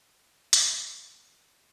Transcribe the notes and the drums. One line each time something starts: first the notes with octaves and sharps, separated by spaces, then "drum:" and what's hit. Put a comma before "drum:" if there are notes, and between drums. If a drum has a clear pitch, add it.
G#4
B2, drum: hi-hat
F3
G#3